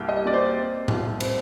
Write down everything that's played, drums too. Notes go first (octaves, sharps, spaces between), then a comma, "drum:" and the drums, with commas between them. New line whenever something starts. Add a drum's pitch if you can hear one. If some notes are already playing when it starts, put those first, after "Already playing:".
Already playing: C2 G3 A#3 G5
D#5
A#3 D5
C5
C4
C2, drum: tom A2
C4, drum: cymbal